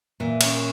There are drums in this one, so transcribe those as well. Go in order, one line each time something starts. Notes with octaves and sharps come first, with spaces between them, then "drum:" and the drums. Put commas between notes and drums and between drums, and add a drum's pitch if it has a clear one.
A#2 E3
A#3 C#4, drum: cymbal